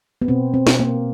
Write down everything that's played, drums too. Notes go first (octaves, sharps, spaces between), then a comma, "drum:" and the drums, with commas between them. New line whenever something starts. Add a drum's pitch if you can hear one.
B3
B2 C4
C4
B2, drum: snare
A#3